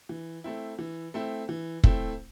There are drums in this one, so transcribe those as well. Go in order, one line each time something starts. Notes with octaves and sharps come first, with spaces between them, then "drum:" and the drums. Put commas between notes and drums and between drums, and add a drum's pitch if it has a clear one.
E3
A3 C4 E4
E3
A3 C4 E4
E3
A3 C4 E4, drum: kick